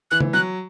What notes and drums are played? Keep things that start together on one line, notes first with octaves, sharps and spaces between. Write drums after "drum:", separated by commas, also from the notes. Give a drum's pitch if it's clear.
E3 F#6
drum: tom C#3
F#3 F#6